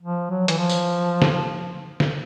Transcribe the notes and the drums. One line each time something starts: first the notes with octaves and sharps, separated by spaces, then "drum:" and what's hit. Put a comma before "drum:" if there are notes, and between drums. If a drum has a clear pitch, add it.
F3
F#3
E3, drum: hi-hat
F3
drum: tambourine
drum: snare
drum: snare